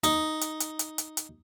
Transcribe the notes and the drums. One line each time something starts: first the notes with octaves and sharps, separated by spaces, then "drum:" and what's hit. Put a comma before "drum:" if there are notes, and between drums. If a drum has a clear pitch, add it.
D#4, drum: hi-hat
drum: hi-hat
drum: hi-hat
drum: hi-hat
drum: hi-hat
drum: hi-hat